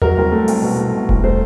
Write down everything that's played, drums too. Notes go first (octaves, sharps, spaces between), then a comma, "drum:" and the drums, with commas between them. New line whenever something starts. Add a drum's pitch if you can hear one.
F#3 A#4, drum: tom D#2
C2
A3
C2, drum: open hi-hat
B2
A3
B2
C2, drum: kick E1
A3 C5